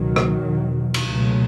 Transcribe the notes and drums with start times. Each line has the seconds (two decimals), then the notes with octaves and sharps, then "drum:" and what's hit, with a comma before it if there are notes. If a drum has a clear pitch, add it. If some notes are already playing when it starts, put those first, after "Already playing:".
Already playing: C#2 B2 D#3 F#3
0.16 drum: rim click
0.43 E2 B2
0.94 drum: cymbal
1.08 C#2 B2 F#3 A3